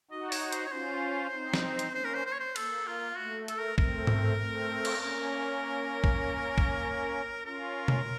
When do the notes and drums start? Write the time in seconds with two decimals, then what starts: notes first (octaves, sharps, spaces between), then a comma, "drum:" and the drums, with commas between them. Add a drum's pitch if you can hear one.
0.11 D#4 F#4 D#5
0.32 C#5, drum: open hi-hat
0.52 C5, drum: hi-hat
0.66 C#5
0.72 C#4 F4 C5
1.34 C4 D#4
1.54 drum: snare
1.79 drum: hi-hat
1.94 A#3 C#4 C5
2.05 A#4
2.14 C5
2.26 C5
2.33 C#5
2.40 C5
2.56 A#3 A4, drum: cymbal
2.87 F4
3.17 A3 F#4
3.48 A4, drum: hi-hat
3.58 A#4
3.78 A3 C4 A#4, drum: kick
4.07 drum: tom G#2
4.39 A3 C4
4.85 drum: cymbal
5.00 A#3 C#4 A#4
6.04 drum: kick
6.58 drum: kick
7.45 C#4 F4 A#4
7.88 drum: tom B2